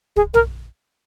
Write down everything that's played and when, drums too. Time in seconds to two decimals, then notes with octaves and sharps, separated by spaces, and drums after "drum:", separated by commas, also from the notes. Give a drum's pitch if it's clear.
0.16 G#4, drum: kick
0.34 A#4, drum: tom